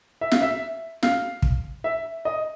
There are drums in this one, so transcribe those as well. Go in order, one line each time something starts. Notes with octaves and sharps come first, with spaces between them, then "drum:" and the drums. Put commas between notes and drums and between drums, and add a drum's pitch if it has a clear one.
E5
F5, drum: snare
E5
F5, drum: snare
drum: kick
E5
D#5